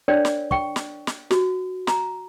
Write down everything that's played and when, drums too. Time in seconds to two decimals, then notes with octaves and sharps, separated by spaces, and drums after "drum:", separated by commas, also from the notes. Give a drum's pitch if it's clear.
0.08 D4 A#4 C#5 D5 G5
0.25 drum: snare
0.51 G5 C#6, drum: kick
0.76 drum: snare
1.07 drum: snare
1.31 F#4, drum: snare
1.87 A#5, drum: snare